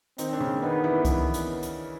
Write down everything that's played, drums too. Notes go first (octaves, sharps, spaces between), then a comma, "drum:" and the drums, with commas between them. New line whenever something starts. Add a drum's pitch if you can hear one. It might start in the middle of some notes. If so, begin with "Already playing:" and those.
D#3 C4 D#4, drum: hi-hat
D4
C#3 C#4
D#3 B3 D#4
E3 E4
B3, drum: kick C2, hi-hat
drum: hi-hat
drum: hi-hat